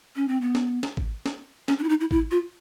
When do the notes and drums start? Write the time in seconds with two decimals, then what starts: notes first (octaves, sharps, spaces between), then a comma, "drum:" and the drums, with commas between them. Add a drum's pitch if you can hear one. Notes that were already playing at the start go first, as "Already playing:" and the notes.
0.16 C#4
0.28 C4
0.41 B3
0.55 drum: snare
0.83 drum: snare
0.97 drum: kick
1.26 drum: snare
1.68 C#4, drum: snare
1.79 D4
1.84 E4
1.89 D#4
2.01 E4
2.11 E4, drum: kick
2.31 F4